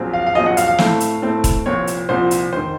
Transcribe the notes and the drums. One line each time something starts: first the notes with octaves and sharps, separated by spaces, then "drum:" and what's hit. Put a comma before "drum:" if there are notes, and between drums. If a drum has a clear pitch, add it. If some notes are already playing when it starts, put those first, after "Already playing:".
Already playing: A#1 A#2 F#3 C4
F5
F5
A#1 A#2 F#3 C4 D#5
F#5
F5, drum: hi-hat
F5
A2 A3 C4, drum: snare
drum: hi-hat
A2 A3 C4
drum: kick E1, hi-hat
C2 A#2 F3 C4 C#5
drum: hi-hat
C2 A#2 F3 C4 C5
drum: hi-hat
F1 D#3 C5